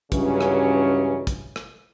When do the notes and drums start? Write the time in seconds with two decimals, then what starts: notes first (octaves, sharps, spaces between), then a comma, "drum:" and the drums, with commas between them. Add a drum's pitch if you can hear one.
0.12 C#2 G2 C#3 E3 F#3 C#4, drum: kick, hi-hat
0.41 drum: rim click
1.27 drum: kick, hi-hat
1.56 drum: rim click